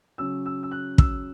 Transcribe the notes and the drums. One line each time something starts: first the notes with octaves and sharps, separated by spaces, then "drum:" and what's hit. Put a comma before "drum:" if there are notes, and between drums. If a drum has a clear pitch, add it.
C#3 F#3 C#4 E6
E6
E6
F#6
E6, drum: kick